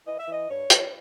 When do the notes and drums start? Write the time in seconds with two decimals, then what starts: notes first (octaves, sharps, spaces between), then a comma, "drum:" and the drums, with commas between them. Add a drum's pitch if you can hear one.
0.07 E3 D#5
0.19 E5
0.28 E3 D#5
0.49 G2 C#5
0.70 G2, drum: hi-hat